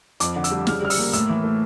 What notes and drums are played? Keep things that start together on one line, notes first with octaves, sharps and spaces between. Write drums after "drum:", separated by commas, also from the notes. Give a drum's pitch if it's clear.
F2 D6, drum: hi-hat
D3
E6, drum: hi-hat
G3
C#3 F6, drum: snare
G3 F6
E6, drum: open hi-hat
A#3
A2 E6, drum: hi-hat
E3
A3